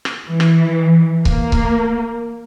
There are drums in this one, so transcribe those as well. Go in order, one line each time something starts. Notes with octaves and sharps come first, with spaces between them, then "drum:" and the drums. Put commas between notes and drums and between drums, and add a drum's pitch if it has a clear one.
drum: rim click
E3
drum: rim click
A#3, drum: kick C#1
drum: kick C#1